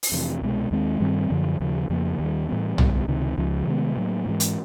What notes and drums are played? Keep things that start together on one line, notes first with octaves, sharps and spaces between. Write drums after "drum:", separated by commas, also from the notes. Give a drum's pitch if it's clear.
drum: open hi-hat
F2 C3 E3
C2 B2 G#3
D#2 D#3 G#3 C4
G2 D#3 G3 C4
F#2 D3 F3
D#2 C#3 F3
F2 C#3 F3 A#3
D#2 D#3 G3
A2 E3 G3 B3
C#2 B2 G3, drum: tom
C#2 C3 D#3
C#2 C#3 F3
C3 D#3 G#3 B3
A2 F#3 A#3
G#2 E3 G#3
drum: hi-hat